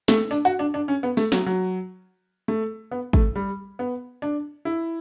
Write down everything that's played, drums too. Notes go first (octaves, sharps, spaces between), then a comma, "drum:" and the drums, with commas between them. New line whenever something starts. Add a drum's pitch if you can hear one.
A3, drum: snare
D4, drum: tambourine
F#4
D4
D4
C#4
B3
A3, drum: open hi-hat
F#3, drum: snare
F#3
A3
B3
A3, drum: kick G#1
G3
B3
D4
E4